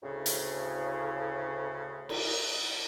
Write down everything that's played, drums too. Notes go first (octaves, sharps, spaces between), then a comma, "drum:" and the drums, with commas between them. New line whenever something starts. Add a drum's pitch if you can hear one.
D2 A2 C#3
drum: hi-hat
drum: cymbal